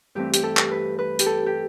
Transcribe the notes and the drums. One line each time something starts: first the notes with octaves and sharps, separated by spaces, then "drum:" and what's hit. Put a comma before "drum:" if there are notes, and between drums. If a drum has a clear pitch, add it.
G2 E3 A3 C4 G4
G4, drum: hi-hat
A4
drum: clap
B4
B4
G4, drum: hi-hat
A4
G4